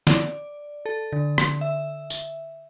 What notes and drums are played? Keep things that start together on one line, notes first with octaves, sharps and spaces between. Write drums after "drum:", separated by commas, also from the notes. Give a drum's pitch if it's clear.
D5, drum: snare
A4
D3
drum: rim click
E5
drum: tambourine